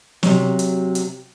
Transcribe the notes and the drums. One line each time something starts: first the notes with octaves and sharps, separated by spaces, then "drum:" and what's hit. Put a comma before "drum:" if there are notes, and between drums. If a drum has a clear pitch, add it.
C3 F#3, drum: snare
drum: hi-hat
drum: hi-hat